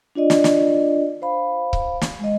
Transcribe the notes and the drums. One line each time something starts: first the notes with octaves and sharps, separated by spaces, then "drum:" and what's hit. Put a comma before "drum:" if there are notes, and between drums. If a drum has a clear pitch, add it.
D4 F4 D5 D#5
drum: snare
drum: snare
C5 F5 B5
drum: kick C#1
drum: snare
G#3 D#5